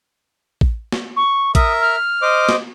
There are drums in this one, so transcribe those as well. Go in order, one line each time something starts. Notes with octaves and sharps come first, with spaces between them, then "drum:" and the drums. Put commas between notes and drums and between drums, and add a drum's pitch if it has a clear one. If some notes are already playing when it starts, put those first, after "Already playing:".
drum: kick A1
drum: snare
C#6
A#4 E5 D#6, drum: kick A1, hi-hat
F6
C5 D#5 D6
drum: snare